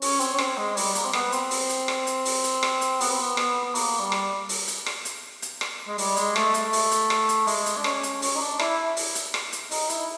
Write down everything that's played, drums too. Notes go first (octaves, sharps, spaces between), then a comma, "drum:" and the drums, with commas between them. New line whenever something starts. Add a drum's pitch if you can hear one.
C#4, drum: open hi-hat
C4, drum: hi-hat
C#4
C4, drum: rim click
G#3
G3, drum: open hi-hat
A#3, drum: hi-hat
C4
B3, drum: rim click
C4, drum: hi-hat
drum: open hi-hat
drum: hi-hat
drum: rim click
drum: hi-hat
drum: open hi-hat
drum: hi-hat
drum: rim click
drum: hi-hat
B3, drum: open hi-hat
C4
B3
B3, drum: rim click
B3
A#3, drum: open hi-hat
G3
drum: rim click
drum: open hi-hat
drum: hi-hat
drum: rim click
drum: hi-hat
drum: hi-hat
drum: rim click
G#3
G3, drum: open hi-hat
G#3, drum: hi-hat
A3, drum: rim click
A3, drum: hi-hat
drum: open hi-hat
drum: hi-hat
drum: rim click
drum: hi-hat
G#3, drum: open hi-hat
drum: hi-hat
D4
C#4, drum: rim click
drum: hi-hat
C#4, drum: open hi-hat
D#4
D4
E4, drum: rim click
drum: open hi-hat
drum: hi-hat
drum: rim click
drum: hi-hat
D#4, drum: open hi-hat
E4, drum: hi-hat